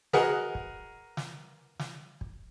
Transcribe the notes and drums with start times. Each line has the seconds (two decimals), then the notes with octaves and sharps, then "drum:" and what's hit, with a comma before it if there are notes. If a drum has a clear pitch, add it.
0.13 F#4 G#4 A#4 B4 D#5 F#5, drum: snare
0.55 drum: kick
1.17 drum: snare
1.79 drum: snare
2.21 drum: kick